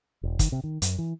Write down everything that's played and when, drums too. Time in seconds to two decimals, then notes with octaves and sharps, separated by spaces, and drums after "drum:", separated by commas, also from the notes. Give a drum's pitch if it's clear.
0.23 E1
0.39 D#3, drum: kick, hi-hat
0.52 C3
0.64 D#3
0.82 F#2, drum: hi-hat
0.98 E3